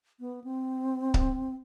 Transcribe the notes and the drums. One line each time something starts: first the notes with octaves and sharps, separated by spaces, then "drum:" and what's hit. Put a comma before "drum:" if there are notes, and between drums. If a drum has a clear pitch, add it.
B3
C4
drum: kick C#1